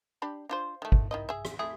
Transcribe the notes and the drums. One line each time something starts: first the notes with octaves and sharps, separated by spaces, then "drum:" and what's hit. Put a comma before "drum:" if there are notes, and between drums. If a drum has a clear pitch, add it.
D4 G4 B5
D4 F4 C5
D#3 A3
drum: kick
D#3 E4 D#5
G#4 E5
drum: rim click
A3 E4 G#4